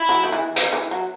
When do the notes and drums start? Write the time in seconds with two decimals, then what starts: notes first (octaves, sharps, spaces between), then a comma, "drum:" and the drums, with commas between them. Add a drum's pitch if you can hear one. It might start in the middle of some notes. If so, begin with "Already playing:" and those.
Already playing: E4
0.09 F#3
0.23 D#3
0.32 E3
0.56 D#3, drum: hi-hat
0.73 E3
0.91 F#3